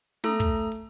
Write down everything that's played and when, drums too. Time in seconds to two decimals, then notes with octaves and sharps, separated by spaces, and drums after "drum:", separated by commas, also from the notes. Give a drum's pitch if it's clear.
0.24 A3 A4 A#5 D#6, drum: snare
0.40 drum: kick, hi-hat
0.72 drum: hi-hat